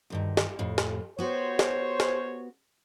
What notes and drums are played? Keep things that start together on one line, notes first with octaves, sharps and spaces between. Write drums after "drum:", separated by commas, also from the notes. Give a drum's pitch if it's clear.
D2 G2 D#3
drum: snare
F2 A2
drum: snare
B3 F#4 G4 C5 C#5
drum: snare
drum: snare